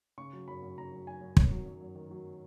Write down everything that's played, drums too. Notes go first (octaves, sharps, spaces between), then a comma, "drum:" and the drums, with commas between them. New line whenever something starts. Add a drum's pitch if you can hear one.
C#3 C#6
F#3
F#2 B5
F#2
C#3 A#5
F#3
F#2 G#5
F#2
D#3 C#5, drum: kick
F#3
F#2
F#2
D#3
F#3